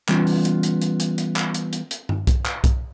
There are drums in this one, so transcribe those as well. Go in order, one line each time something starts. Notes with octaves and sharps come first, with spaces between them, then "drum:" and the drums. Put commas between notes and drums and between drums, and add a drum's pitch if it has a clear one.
E3 G3 B3 C#4 F4, drum: clap
drum: open hi-hat
drum: hi-hat
drum: hi-hat
drum: hi-hat
drum: hi-hat
drum: hi-hat
drum: clap
drum: hi-hat
drum: hi-hat
drum: hi-hat
drum: tom G2
drum: kick B1, hi-hat
drum: clap
drum: kick B1, hi-hat